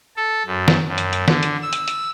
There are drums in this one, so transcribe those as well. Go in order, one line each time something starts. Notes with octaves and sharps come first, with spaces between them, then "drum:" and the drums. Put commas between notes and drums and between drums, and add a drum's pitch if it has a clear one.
A4
F#2
drum: snare
F#2
drum: hi-hat
drum: hi-hat
D3, drum: snare
drum: hi-hat
E6
drum: hi-hat
drum: hi-hat